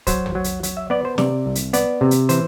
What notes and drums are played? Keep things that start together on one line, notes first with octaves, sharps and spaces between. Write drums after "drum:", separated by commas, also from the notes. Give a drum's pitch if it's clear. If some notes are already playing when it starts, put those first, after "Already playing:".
F#3 C5, drum: kick, hi-hat
drum: tom
F#3
drum: hi-hat
F#3, drum: hi-hat
E5
B3 D5
C5
C3 D5, drum: snare
C2
drum: hi-hat
B3 D5, drum: hi-hat
C3
drum: hi-hat
E3 C5, drum: hi-hat